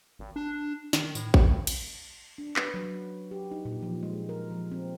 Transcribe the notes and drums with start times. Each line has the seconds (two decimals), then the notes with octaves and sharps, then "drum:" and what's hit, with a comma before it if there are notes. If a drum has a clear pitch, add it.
0.19 G#1
0.36 D4
0.93 D#3, drum: snare
1.15 A2, drum: tambourine
1.34 G#1, drum: kick A1
1.48 G#1
1.67 drum: cymbal
2.38 D4
2.56 B4, drum: clap
2.74 F#3
3.31 G4
3.51 D#4
3.65 A#2
3.83 F3
4.03 G#3
4.29 A#4
4.51 F3
4.72 C4